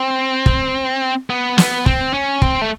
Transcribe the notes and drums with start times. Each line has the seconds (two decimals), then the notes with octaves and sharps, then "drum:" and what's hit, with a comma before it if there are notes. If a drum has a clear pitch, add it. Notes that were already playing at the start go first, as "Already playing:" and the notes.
Already playing: C4
0.46 drum: kick
1.30 B3
1.58 B3, drum: snare
1.86 C4, drum: kick
2.14 C#4
2.42 C4, drum: kick
2.62 A3